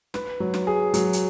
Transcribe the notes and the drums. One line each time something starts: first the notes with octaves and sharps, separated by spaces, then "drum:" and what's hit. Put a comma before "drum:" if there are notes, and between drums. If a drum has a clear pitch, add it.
B4, drum: snare
F#3
drum: snare
G#4
F#3, drum: hi-hat
drum: hi-hat